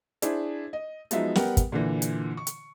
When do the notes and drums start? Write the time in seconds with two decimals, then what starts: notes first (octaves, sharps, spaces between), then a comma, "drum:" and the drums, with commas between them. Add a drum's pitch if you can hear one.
0.22 D4 E4 G#4 C5, drum: hi-hat
0.73 D#5
1.11 F3 F#3 G#3 B3 D#4 E5, drum: hi-hat
1.35 G3 B3 A#4 F#5 G5, drum: snare
1.57 drum: kick, hi-hat
1.72 A#2 D3 E3
2.02 drum: hi-hat
2.37 C#6
2.47 drum: hi-hat